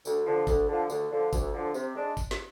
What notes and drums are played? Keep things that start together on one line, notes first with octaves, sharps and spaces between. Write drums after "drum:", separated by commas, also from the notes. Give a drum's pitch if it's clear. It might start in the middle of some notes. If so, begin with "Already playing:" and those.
D2, drum: tambourine
D3 F3
D2, drum: kick G1, tambourine
D3 F3
D2, drum: tambourine
D3 F3
D2, drum: kick G1, tambourine
D3 F3
C3, drum: tambourine
G#3 D4
drum: kick G1, tambourine
drum: snare